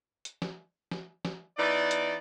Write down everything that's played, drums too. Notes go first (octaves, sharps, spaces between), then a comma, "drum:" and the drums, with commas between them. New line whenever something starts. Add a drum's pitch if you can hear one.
drum: hi-hat
drum: snare
drum: snare
drum: snare
E3 B3 D#4 D5
drum: hi-hat